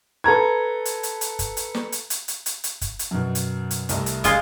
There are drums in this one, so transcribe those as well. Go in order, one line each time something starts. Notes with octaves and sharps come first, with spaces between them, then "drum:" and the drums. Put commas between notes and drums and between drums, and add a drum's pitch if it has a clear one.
A4 B4 A#5 G#6
drum: hi-hat
drum: hi-hat
drum: hi-hat
drum: kick, hi-hat
drum: hi-hat
drum: snare
drum: hi-hat
drum: hi-hat
drum: hi-hat
drum: hi-hat
drum: hi-hat
drum: kick, hi-hat
drum: hi-hat
F#2 B2
drum: hi-hat
drum: hi-hat
C2 A3 D#5, drum: hi-hat
drum: hi-hat
G#3 F4, drum: kick, hi-hat